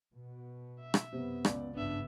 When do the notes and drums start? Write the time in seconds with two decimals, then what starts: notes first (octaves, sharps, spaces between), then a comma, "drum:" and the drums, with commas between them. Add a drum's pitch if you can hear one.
0.14 B2
0.81 E5
0.94 drum: rim click
1.13 F#2 C3 B3
1.45 C#2 D5, drum: rim click
1.74 G#1 G2 C#3 B3 D4 E5